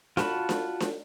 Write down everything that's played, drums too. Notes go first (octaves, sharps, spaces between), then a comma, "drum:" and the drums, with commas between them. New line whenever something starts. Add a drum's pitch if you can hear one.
F4 F#4 A5 B5, drum: snare D4
drum: snare D4
drum: snare D4